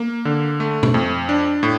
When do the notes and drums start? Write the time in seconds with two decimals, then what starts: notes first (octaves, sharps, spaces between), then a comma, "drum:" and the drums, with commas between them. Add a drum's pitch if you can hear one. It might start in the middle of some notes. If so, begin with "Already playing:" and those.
Already playing: A#3
0.25 D3
0.60 A3
0.83 drum: tom
0.94 F2
1.29 D4
1.63 A2